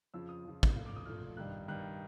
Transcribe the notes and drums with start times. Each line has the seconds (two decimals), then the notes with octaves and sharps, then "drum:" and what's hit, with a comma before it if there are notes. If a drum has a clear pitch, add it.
0.14 F2 C#3 F3 E6
0.29 D#6
0.45 F2 C#3 F3
0.63 drum: kick
0.76 A#2 F3 A3
0.86 D6
0.96 D#6
1.06 A#2 F3 A3 F6
1.37 G2 D#3 G3 F#6
1.68 G2 D#3 G3 F#6